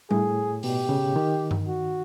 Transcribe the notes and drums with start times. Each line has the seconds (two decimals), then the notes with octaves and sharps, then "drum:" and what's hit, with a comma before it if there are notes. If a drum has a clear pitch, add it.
0.11 A2 G#4, drum: tom G3
0.63 B2 G4, drum: open hi-hat
0.89 C#3
1.16 D#3
1.51 drum: tom G2
1.67 F#4